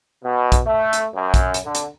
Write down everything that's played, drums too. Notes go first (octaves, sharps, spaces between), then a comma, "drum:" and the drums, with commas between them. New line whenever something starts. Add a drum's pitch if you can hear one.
B2
drum: kick, hi-hat
A3
drum: hi-hat
F#2
drum: kick, hi-hat
drum: hi-hat
D3
drum: hi-hat